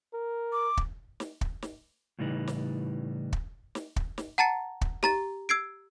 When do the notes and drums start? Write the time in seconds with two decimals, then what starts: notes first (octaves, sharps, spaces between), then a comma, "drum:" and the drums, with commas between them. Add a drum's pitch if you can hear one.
0.14 A#4
0.52 D6
0.77 drum: kick
1.20 drum: snare
1.41 drum: kick
1.62 drum: snare
2.19 A2 C#3 E3 G3 D#4 B4
2.48 drum: snare
3.33 drum: kick
3.75 drum: snare
3.96 drum: kick
4.18 drum: snare
4.38 F#5 A5 A#5 A6 C#7
4.81 drum: kick
5.03 G4 A#5 A6, drum: snare
5.49 E6 G#6 C7 D7